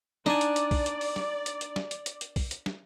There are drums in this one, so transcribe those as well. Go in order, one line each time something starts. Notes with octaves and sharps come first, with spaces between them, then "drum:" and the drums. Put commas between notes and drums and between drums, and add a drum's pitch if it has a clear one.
D4 D#4 D5 G#5, drum: snare
drum: hi-hat
drum: hi-hat
drum: kick, open hi-hat
drum: hi-hat
drum: open hi-hat
drum: snare
drum: hi-hat
drum: hi-hat
drum: snare
drum: hi-hat
drum: hi-hat
drum: hi-hat
drum: kick, open hi-hat
drum: hi-hat
drum: snare